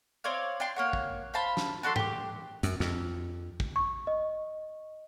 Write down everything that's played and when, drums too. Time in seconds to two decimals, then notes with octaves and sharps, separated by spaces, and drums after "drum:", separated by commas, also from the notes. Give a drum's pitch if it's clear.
0.24 C4 C#5 D5 F5
0.60 D4 G5 C6
0.76 A#3 C#5 F#5
0.93 drum: kick
1.34 C5 F5 A5 B5
1.57 drum: snare
1.83 D4 F#4 A4 C6
1.96 G4 D6, drum: tom G#2
2.63 F#2, drum: hi-hat
2.80 F2, drum: snare
3.60 drum: kick
3.76 C#6
4.07 D#5